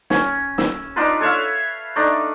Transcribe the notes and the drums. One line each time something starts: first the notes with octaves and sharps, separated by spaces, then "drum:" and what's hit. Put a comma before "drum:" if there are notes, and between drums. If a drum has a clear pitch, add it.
C#4, drum: snare
E6, drum: snare
D4 D#4 F4 B4
A4 C#5 E5 F5
A3 D4 D#4